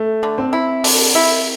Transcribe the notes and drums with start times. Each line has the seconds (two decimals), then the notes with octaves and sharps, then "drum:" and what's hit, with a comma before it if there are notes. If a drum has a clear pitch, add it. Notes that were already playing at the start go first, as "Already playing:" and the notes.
Already playing: A3
0.23 D3
0.38 C4
0.53 E4
0.84 D3, drum: open hi-hat
1.15 E4